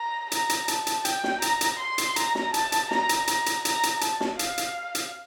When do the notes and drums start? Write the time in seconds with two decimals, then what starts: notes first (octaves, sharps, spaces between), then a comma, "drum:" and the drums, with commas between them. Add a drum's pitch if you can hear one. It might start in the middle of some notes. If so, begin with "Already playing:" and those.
Already playing: A#5
0.32 A#5, drum: hi-hat
0.49 drum: hi-hat
0.68 A5, drum: hi-hat
0.87 drum: hi-hat
1.05 G5, drum: hi-hat
1.24 drum: snare
1.42 A#5, drum: hi-hat
1.61 drum: hi-hat
1.80 C6
1.98 drum: hi-hat
2.16 A#5, drum: hi-hat
2.35 drum: snare
2.54 A5, drum: hi-hat
2.72 drum: hi-hat
2.91 A#5, drum: snare
3.09 drum: hi-hat
3.27 A#5, drum: hi-hat
3.46 drum: hi-hat
3.65 A#5, drum: hi-hat
3.83 drum: hi-hat
4.01 A5, drum: hi-hat
4.20 drum: snare
4.39 F5, drum: hi-hat
4.58 drum: hi-hat
4.95 drum: hi-hat